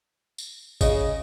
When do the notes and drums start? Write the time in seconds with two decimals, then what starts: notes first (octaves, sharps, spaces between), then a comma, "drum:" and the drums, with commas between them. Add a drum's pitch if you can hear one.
0.38 drum: tambourine
0.81 C#3 D#5, drum: kick, tambourine